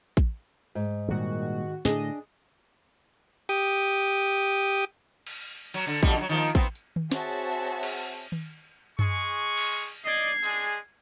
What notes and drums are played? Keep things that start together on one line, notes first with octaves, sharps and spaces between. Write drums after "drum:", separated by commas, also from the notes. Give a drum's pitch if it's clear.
drum: kick A1
G#2
A#2 D#3 G3 G#3 F#4
A2 D3 D4 G#4 D#5, drum: snare
G4 D#6
drum: cymbal
F#3, drum: cymbal
D3
F2 B2 G3, drum: kick A1
D3 F#3
D#3 F3 A#3, drum: hi-hat
B3 C4, drum: kick A1
drum: tambourine
drum: tom D#3
C4 F#4 G#4 C#5 E5 A5, drum: snare
drum: cymbal
drum: tom D#3
G#3 G#4 C#6, drum: tom F#2
drum: cymbal
D5 D#5 G#6 C7
G#3 D4 G#4, drum: hi-hat